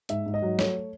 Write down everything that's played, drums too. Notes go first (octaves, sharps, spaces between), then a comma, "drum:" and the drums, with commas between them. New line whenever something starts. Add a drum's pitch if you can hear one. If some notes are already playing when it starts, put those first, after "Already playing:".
G#2 E5, drum: hi-hat
G#2
D#5
F#3
A3 C#5, drum: snare